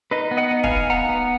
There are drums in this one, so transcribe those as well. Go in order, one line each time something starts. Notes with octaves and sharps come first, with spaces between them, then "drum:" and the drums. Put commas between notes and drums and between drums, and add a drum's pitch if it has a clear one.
D#4 B4 D#5
B3
D#5 F#5
D#4
F5 G#5, drum: kick
B3
B3 F#5 A#5
B3